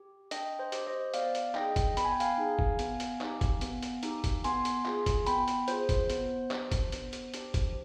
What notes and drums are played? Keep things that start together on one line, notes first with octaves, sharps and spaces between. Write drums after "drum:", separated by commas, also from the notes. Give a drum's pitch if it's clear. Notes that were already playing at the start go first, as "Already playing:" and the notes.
Already playing: G4
D4 D#5 G5, drum: hi-hat
C5 D#5
G4, drum: hi-hat
C5 D#5
B3 D5 F5, drum: hi-hat
drum: hi-hat
D#4 G#4 D#5 G5, drum: clap
drum: kick, hi-hat
B3 B5, drum: hi-hat
G#5
G5
F5 G#5, drum: hi-hat
D#4 G#4
drum: kick
B3, drum: hi-hat
drum: hi-hat
D#4 G4, drum: clap
drum: kick, hi-hat
B3, drum: hi-hat
drum: hi-hat
D#4 G4, drum: hi-hat
drum: kick, hi-hat
B3 G#5 C6, drum: hi-hat
drum: hi-hat
F4 G#4, drum: clap
drum: kick, hi-hat
B3 G5 B5, drum: hi-hat
drum: hi-hat
F4 G#4 C5, drum: hi-hat
drum: kick, hi-hat
B3, drum: hi-hat
D4 G4, drum: clap
drum: kick, hi-hat
B3, drum: hi-hat
drum: hi-hat
D4 G4, drum: hi-hat
drum: kick, hi-hat